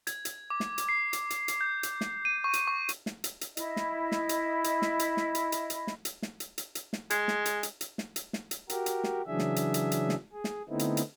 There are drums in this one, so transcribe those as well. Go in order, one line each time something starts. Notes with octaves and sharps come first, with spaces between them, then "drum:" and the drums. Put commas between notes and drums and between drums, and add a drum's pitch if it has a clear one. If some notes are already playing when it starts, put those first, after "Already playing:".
G#6, drum: hi-hat
drum: hi-hat
D6
drum: snare
drum: hi-hat
C7
drum: hi-hat
drum: hi-hat
drum: hi-hat
G6
drum: hi-hat
drum: snare
D#7
C#6
drum: hi-hat
C#6
drum: hi-hat
drum: snare
drum: hi-hat
drum: hi-hat
E4 D#5, drum: hi-hat
drum: snare
drum: snare
drum: hi-hat
drum: hi-hat
drum: snare
drum: hi-hat
drum: snare
drum: hi-hat
drum: hi-hat
drum: hi-hat
drum: snare
drum: hi-hat
drum: snare
drum: hi-hat
drum: hi-hat
drum: hi-hat
drum: snare
G#3, drum: hi-hat
drum: snare
drum: hi-hat
drum: hi-hat
drum: hi-hat
drum: snare
drum: hi-hat
drum: snare
drum: hi-hat
F#4 G4 A#4, drum: hi-hat
drum: hi-hat
drum: snare
C#3 E3 F#3 D4 G#4 E5
drum: snare
drum: hi-hat
drum: hi-hat
drum: hi-hat
drum: snare
G#4
drum: snare
D3 A3 B3 C4 D#4 E4
drum: hi-hat
drum: hi-hat